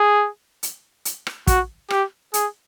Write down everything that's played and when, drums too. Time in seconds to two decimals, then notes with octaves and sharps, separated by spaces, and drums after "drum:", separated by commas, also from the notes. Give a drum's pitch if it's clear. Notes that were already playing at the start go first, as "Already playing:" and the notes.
Already playing: G#4
0.63 drum: hi-hat
1.05 drum: hi-hat
1.27 drum: rim click
1.47 F#4, drum: kick, hi-hat
1.90 G4, drum: rim click
2.34 G#4, drum: hi-hat